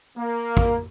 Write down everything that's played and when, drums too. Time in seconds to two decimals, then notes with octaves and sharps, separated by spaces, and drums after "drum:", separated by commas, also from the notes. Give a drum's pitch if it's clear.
0.17 A#3
0.57 drum: kick